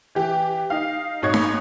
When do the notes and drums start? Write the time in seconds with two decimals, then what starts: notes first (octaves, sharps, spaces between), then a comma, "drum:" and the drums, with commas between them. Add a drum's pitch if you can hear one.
0.15 E3 G4
0.70 D#4 F5
1.22 G#1 D#4 F#4 C#5 C#6 G#6
1.34 drum: snare D#4